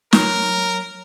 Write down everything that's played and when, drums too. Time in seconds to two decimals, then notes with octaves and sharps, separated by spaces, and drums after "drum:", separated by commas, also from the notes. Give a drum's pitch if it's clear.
0.13 F#3 A#4, drum: snare